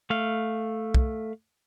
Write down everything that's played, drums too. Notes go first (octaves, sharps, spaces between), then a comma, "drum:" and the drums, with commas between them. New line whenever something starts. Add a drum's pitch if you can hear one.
A3 F5
drum: kick